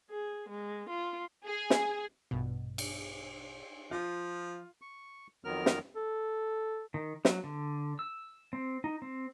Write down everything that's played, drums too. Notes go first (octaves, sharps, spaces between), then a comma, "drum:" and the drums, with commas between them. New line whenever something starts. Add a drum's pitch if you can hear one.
G#4
G#3
F4
G#4
drum: snare
A#1 G2 B2
drum: cymbal
F3 F4
C#6
F2 D#3 F#3 B3 A#4 F6
drum: snare
A4
D#3
F#3, drum: snare
D3
E6
C4
D#4
C4